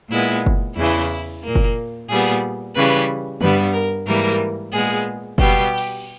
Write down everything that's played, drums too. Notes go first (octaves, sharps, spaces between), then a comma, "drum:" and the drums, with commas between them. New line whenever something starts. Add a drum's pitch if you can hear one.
A#2 G#3 B3 E4
drum: kick F#1
E2 C#3 E3 E4
drum: cymbal
A#2 A#3
drum: kick F#1
A#2 G3 B3 G#4
C#3 E3 G3 B4
G2 G3 B3 B4, drum: tom C#3
A#4
G#2 E3 G3 A#3 A#4
A#2 G#3 B3 G#4
B2 G3 B3 G4, drum: kick F#1
drum: cymbal